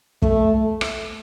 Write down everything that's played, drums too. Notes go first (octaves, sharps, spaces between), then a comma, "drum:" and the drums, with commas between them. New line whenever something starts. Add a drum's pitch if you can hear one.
A3, drum: kick
drum: rim click